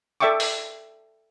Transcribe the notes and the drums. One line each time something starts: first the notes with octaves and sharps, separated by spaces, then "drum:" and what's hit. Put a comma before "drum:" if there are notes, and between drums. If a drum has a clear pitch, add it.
A4 D5 E5 G5 C#6 D6
drum: open hi-hat